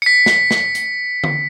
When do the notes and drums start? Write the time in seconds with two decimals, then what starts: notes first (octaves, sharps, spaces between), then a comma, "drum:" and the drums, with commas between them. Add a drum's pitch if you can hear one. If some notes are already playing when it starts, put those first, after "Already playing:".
0.02 B6 C#7
0.26 drum: snare
0.51 drum: snare
0.75 drum: hi-hat
1.24 drum: tom D3